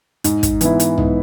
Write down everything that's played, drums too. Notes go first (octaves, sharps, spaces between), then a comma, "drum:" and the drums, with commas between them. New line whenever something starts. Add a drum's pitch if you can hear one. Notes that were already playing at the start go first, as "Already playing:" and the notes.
G#2, drum: hi-hat
drum: kick, hi-hat
E3 B3 E4, drum: hi-hat
drum: hi-hat
G#2, drum: tom B1